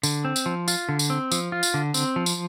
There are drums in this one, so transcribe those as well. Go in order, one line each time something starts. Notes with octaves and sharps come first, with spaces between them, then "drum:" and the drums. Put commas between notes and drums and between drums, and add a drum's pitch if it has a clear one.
D3, drum: tambourine
C4
drum: tambourine
F3
F4, drum: tambourine
D3
drum: tambourine
C4
F3, drum: tambourine
F4
drum: tambourine
D3
C4, drum: tambourine
F3
drum: tambourine